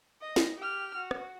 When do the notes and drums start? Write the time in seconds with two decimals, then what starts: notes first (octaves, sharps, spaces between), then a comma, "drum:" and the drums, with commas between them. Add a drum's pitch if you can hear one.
0.21 D#5
0.36 drum: snare
0.58 G4 F6
0.96 F#4
1.11 drum: rim click